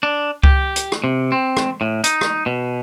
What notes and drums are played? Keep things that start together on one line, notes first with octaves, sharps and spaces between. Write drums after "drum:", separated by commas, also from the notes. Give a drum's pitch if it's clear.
D4
G4, drum: kick C#2
drum: hi-hat
drum: rim click
C3
C4
drum: rim click
A2
D#4, drum: hi-hat
drum: rim click
B2